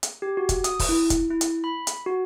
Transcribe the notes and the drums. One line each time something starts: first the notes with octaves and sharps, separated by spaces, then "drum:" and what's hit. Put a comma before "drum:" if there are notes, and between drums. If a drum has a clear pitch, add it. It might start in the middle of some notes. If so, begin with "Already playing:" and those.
drum: hi-hat
G4
F#4
drum: kick, hi-hat
D#6, drum: hi-hat
drum: kick, open hi-hat
E4
drum: kick, hi-hat
E4
drum: hi-hat
B5
drum: hi-hat
F#4